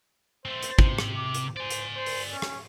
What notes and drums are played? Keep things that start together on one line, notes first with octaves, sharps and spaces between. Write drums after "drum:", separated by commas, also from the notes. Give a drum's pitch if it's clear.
A3 C4 C5
drum: hi-hat
C3, drum: kick
drum: rim click
D6
drum: hi-hat
C5 D5 G#5
drum: hi-hat
C5
drum: open hi-hat
C#4
drum: rim click